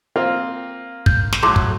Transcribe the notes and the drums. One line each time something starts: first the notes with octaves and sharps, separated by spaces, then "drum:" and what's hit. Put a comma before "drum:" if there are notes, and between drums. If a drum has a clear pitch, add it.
A#3 C4 F4
G6, drum: kick
drum: snare
A2 F#3 C6 D6
drum: kick